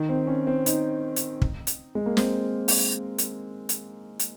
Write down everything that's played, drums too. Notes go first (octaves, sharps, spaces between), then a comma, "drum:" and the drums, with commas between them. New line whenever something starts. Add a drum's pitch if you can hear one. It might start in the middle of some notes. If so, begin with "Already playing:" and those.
Already playing: D#3
C4
C#4
C4
D#4, drum: hi-hat
drum: hi-hat
drum: kick
drum: hi-hat
G#3
A#3
C4, drum: snare
drum: open hi-hat
drum: hi-hat
drum: hi-hat
drum: hi-hat